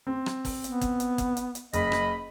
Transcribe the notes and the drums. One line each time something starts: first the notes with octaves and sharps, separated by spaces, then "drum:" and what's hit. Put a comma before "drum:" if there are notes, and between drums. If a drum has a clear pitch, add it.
C4
drum: rim click
drum: kick, open hi-hat
B3, drum: hi-hat
drum: kick, hi-hat
drum: hi-hat
drum: kick, hi-hat
drum: hi-hat
drum: hi-hat
F#1 D#5 B5, drum: hi-hat
drum: rim click